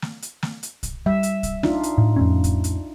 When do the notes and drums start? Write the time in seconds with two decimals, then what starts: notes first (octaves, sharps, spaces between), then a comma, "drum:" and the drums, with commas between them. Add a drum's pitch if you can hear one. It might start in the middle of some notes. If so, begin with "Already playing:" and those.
0.02 drum: snare
0.22 drum: hi-hat
0.43 drum: snare
0.63 drum: hi-hat
0.83 drum: kick, hi-hat
1.06 G3 E5
1.23 drum: hi-hat
1.43 drum: kick, hi-hat
1.63 D4 D#4 F4, drum: snare
1.83 drum: hi-hat
1.98 A2
2.16 F2 A2 C#4
2.44 drum: kick, hi-hat
2.64 drum: hi-hat